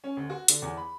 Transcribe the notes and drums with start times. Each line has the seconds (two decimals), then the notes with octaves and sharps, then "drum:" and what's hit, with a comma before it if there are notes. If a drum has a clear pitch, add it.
0.04 C#4
0.17 D2
0.30 F#4
0.48 D3, drum: hi-hat
0.62 E2
0.77 B5